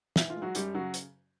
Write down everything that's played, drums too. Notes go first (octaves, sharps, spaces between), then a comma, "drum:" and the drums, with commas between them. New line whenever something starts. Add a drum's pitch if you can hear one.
E3 E4, drum: snare
F4
G#3
F#3 F#4
F#2 G3 G4, drum: hi-hat
C#3 F#3 F#4
drum: hi-hat